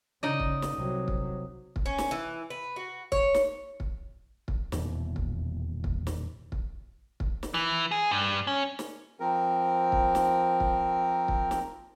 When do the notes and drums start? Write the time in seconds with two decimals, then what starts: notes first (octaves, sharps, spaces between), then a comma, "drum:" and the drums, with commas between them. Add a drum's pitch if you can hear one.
0.23 C#3 D#4 D5 D#5
0.40 drum: kick
0.62 drum: snare
0.75 C2 F#3
1.08 drum: kick
1.76 drum: kick
1.86 C#4
1.98 drum: snare
2.11 E3
2.50 B4
2.76 F#4
3.12 C#5, drum: kick
3.34 drum: snare
3.80 drum: kick
4.48 drum: kick
4.72 D#1 E2 B2 E3, drum: snare
5.16 drum: kick
5.84 drum: kick
6.07 drum: snare
6.52 drum: kick
7.20 drum: kick
7.43 drum: snare
7.54 E3
7.91 G#4
8.11 G2
8.47 C#4
8.79 drum: snare
9.20 F3 C4 A#4
9.92 drum: kick
10.15 drum: snare
10.60 drum: kick
11.28 drum: kick
11.51 drum: snare